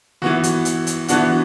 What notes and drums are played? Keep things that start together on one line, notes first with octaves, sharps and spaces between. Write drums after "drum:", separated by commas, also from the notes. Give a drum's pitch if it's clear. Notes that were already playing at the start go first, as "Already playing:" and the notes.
E3 B3 F#4, drum: snare
drum: hi-hat
drum: hi-hat
drum: hi-hat
E3 B3 D4 F#4, drum: hi-hat